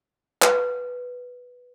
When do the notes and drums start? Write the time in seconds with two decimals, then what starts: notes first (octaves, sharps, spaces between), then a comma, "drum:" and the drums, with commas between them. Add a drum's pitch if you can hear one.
0.42 B4, drum: clap